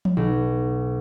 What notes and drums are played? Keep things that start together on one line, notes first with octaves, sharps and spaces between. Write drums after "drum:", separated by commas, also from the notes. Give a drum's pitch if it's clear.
drum: tom F3
B1